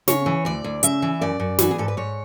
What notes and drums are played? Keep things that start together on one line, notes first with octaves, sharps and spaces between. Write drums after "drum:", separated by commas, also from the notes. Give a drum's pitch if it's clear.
C#3 C#5, drum: snare
E3
D2 D5
D2
C#3 E5, drum: hi-hat
E3
F#2 D5
F#2
E3 F#4, drum: snare
G#4
G#2 A4
B4
G#2 C#5